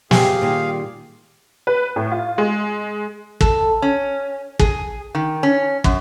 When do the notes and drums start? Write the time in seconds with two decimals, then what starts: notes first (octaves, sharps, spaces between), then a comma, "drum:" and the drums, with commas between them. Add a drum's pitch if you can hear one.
0.11 F#2 G4 G#4 F5 G#5, drum: snare
0.41 A#2 D#3 G3
1.67 B4
1.96 A2
2.12 F4
2.38 G#3
3.41 A4, drum: kick
3.82 C#4
4.59 G#4, drum: kick
5.15 D#3
5.43 C#4
5.84 F#2, drum: kick